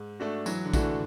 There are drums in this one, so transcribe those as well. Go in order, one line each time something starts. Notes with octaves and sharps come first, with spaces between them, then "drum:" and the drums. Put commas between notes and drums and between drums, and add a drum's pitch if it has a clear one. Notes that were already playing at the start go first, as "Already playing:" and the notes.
Already playing: G#2
A3 D4 F#4 A4
E3 F#3, drum: tambourine
D3
E3 A3 D4 F#4 A4, drum: kick A#1, tambourine
D3